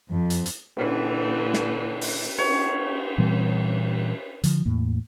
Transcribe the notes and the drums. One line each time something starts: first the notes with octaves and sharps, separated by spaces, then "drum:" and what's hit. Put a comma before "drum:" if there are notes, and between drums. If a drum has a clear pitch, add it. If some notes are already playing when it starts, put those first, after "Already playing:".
F2
drum: hi-hat
drum: hi-hat
A#2 D3 E3, drum: cymbal
drum: snare
drum: open hi-hat
C#5, drum: cymbal
A#2 E3 G3 C4
D3 F3, drum: hi-hat
E2 A2 A#3